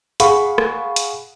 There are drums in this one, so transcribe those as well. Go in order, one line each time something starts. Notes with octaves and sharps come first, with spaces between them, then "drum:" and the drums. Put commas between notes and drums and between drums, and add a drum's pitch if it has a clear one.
G#4 F5 F#5 B5 C#6, drum: hi-hat
drum: rim click
drum: hi-hat